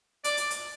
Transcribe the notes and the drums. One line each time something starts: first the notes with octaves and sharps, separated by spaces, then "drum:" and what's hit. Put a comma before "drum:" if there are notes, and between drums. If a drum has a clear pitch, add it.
D5, drum: hi-hat
drum: hi-hat
drum: hi-hat